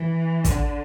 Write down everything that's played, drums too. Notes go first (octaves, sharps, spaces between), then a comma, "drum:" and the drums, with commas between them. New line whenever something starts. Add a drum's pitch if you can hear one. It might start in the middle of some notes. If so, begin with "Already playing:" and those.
Already playing: E3
D3, drum: kick, hi-hat